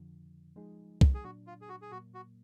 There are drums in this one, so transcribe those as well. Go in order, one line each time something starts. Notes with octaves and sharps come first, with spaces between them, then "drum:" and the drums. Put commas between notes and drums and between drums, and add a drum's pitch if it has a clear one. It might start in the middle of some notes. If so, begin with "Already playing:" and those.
Already playing: F2 D3 F3
F3 G#3 D#4 G#4
drum: kick
G#4
A#2 F#3 D4 F#4
F4
G#4
F#4
G#4
A#2 F#3 A#3 F#4
F#4